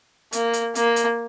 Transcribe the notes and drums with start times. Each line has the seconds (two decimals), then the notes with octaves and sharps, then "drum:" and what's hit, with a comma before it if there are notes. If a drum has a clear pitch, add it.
0.33 A#3, drum: hi-hat
0.53 drum: hi-hat
0.75 A#3, drum: hi-hat
0.96 drum: hi-hat